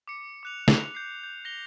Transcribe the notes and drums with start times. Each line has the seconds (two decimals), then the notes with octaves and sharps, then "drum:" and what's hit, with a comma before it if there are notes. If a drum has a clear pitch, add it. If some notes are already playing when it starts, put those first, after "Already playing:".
0.08 D6 C#7
0.43 D6 F#6 F7
0.68 F7, drum: snare
0.95 G6 C7
1.24 G6
1.45 A#6 F7 G7